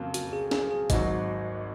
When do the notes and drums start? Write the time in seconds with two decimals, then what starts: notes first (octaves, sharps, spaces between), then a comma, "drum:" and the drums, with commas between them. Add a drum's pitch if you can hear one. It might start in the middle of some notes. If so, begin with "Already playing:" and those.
Already playing: F2 C#3 F#3 A#3
0.14 F#4, drum: hi-hat
0.33 G#4
0.51 G#4, drum: snare
0.71 G#4
0.90 G#1 G#2 F#3 D#5, drum: kick G#1, hi-hat